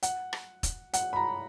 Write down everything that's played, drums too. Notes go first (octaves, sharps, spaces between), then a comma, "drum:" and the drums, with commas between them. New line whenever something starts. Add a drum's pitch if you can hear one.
F#5, drum: hi-hat
drum: rim click
drum: kick E1, hi-hat
F#5, drum: hi-hat
B5
A#5